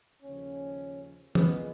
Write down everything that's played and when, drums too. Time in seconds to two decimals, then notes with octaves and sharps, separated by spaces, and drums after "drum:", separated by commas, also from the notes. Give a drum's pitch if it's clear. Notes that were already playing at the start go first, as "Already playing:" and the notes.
0.23 D#2 C#3 F3 C#4
1.35 B1 A#2 G#3 B3, drum: tom E3